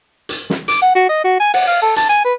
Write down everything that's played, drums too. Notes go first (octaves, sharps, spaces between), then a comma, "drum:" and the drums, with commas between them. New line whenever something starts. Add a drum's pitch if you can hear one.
drum: hi-hat
drum: snare
D6, drum: hi-hat
F#5
F#4
D#5
F#4
G#5
F#5, drum: open hi-hat
F5
A4
A5, drum: hi-hat
G#5
B4